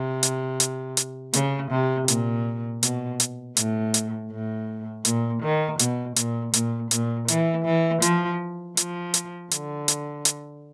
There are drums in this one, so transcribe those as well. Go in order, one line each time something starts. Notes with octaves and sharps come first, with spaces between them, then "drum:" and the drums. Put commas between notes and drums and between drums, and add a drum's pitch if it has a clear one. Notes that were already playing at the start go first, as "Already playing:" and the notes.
Already playing: C3
drum: hi-hat
drum: hi-hat
drum: hi-hat
C#3, drum: hi-hat
C3
A#2, drum: hi-hat
B2, drum: hi-hat
drum: hi-hat
A2, drum: hi-hat
drum: hi-hat
A2
A#2, drum: hi-hat
D#3
B2, drum: hi-hat
A#2, drum: hi-hat
A#2, drum: hi-hat
A#2, drum: hi-hat
E3, drum: hi-hat
E3
F3, drum: hi-hat
F3, drum: hi-hat
drum: hi-hat
D3, drum: hi-hat
drum: hi-hat
drum: hi-hat